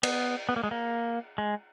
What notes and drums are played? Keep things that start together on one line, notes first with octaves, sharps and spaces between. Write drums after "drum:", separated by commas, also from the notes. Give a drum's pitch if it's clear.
B3, drum: cymbal
B3
A#3
G#3
A#3
G#3